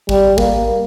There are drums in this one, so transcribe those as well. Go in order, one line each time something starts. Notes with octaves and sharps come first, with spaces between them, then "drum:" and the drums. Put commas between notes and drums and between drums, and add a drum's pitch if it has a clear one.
G3, drum: kick
A#3, drum: kick